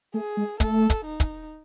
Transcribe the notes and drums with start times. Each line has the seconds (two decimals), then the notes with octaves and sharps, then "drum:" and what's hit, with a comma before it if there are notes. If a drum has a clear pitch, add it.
0.14 A3 G#4
0.37 G#3
0.60 A3 A4, drum: kick, hi-hat
0.90 drum: kick, hi-hat
1.05 D#4
1.20 drum: kick, hi-hat